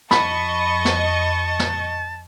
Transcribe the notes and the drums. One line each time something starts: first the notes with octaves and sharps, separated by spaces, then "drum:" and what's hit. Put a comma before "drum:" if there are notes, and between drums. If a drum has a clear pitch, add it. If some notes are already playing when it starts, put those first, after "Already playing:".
F2 D#5 A5 B5 C#6, drum: snare
drum: snare
drum: snare